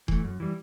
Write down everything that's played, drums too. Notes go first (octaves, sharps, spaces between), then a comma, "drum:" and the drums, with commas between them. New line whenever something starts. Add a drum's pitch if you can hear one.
E3 A3, drum: kick D#1
F#2
E3 G3